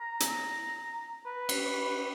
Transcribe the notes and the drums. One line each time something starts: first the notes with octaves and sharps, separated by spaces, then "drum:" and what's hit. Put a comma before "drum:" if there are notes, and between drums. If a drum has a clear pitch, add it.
A#5
drum: hi-hat
B4
drum: cymbal